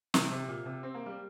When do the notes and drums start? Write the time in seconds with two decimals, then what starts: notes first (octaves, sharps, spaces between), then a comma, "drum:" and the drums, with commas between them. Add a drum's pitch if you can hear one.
0.14 C3, drum: snare
0.31 C3
0.48 A#2
0.66 C3
0.83 C4
0.94 A#3
1.06 G3